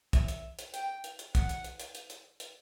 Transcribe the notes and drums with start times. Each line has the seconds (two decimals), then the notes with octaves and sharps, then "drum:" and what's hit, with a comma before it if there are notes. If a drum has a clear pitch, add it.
0.13 E5, drum: kick, hi-hat
0.28 drum: hi-hat
0.59 drum: hi-hat
0.74 G5, drum: hi-hat
1.04 drum: hi-hat
1.19 drum: hi-hat
1.35 F#5, drum: kick, hi-hat
1.49 drum: hi-hat
1.64 drum: hi-hat
1.80 drum: hi-hat
1.95 drum: hi-hat
2.10 drum: hi-hat
2.40 drum: hi-hat